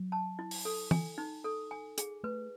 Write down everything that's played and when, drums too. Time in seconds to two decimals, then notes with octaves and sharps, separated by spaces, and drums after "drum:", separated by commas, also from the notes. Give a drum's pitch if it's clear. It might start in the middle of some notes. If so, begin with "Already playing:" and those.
Already playing: F#3
0.12 A5
0.39 E4
0.51 drum: open hi-hat
0.65 A4
0.91 G#5, drum: tom
1.18 D#4
1.44 A4
1.71 G#5
1.98 G#4, drum: hi-hat
2.23 A3 B4